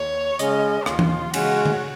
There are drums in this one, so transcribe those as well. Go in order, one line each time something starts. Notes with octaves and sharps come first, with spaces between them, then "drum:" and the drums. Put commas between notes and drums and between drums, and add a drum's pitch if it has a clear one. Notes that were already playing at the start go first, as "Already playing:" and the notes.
Already playing: D#2 C#5
C#3 G#3 C#4 D#5, drum: hi-hat
D#2 F4, drum: rim click
drum: tom E3
C#3 G#3 C#4 F#4, drum: cymbal
drum: tom D3